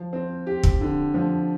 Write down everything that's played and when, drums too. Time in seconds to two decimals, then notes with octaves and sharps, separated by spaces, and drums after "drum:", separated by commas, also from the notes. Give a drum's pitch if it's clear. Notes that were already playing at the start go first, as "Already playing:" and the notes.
Already playing: F3
0.13 C4
0.47 G4
0.63 drum: kick
0.81 D3
1.14 F3